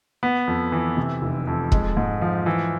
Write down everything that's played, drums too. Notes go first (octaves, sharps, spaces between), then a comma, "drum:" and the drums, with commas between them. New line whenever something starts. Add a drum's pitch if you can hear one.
B3
F2
E3
C3
F1
F2
G#3, drum: kick
G#2
F3
E3